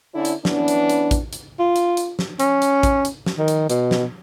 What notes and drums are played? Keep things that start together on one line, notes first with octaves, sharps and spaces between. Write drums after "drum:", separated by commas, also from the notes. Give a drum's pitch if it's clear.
D3 C#4 D4 E4
drum: hi-hat
E3 B3 C#4 D4, drum: snare
drum: hi-hat
drum: hi-hat
drum: kick, hi-hat
drum: hi-hat
F4
drum: hi-hat
drum: hi-hat
drum: snare
C#4, drum: hi-hat
drum: hi-hat
drum: kick, hi-hat
drum: hi-hat
drum: snare
D#3
drum: hi-hat
B2, drum: hi-hat
drum: snare